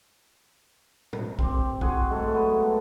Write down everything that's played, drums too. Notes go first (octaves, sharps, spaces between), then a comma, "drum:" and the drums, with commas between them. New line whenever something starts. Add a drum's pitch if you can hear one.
drum: tom A2
C4 G4, drum: kick B1
F#4 G#4 C5 F#5, drum: kick B1
G#2 A3 A4
F#3 B3